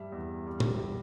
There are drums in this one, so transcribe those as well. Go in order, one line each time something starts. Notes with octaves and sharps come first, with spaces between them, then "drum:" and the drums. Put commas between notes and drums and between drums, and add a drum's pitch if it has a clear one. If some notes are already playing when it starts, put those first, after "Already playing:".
Already playing: G2 G3 E5
E2
G3
drum: tom